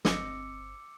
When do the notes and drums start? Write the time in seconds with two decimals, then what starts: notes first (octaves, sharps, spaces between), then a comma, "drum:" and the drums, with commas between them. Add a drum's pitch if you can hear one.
0.05 G1 C4 D#5 G#5 D6 E6 C#7, drum: snare